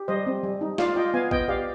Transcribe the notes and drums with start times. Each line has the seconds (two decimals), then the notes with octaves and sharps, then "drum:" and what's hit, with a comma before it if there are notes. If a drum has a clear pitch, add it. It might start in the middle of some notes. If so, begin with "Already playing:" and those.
Already playing: G4
0.08 G3 C5 D#5
0.27 C4
0.43 G3
0.61 D#4
0.78 F4 D5 F5, drum: snare
0.96 F4 D#5 G5
1.14 B3 F5 G#5
1.31 B3 D#5 G5, drum: kick
1.48 G4 D5 F5